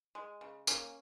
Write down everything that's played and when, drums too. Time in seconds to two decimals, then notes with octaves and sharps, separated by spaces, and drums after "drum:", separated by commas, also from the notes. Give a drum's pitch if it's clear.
0.15 G#3
0.41 C#3
0.67 A#3 C#4, drum: tambourine